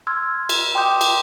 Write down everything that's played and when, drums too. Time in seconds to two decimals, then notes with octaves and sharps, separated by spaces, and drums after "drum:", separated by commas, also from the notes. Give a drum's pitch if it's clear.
0.07 C6 E6 F6 G#6
0.49 drum: cymbal
0.75 G5 C6 D6 D#6 G6
1.01 drum: cymbal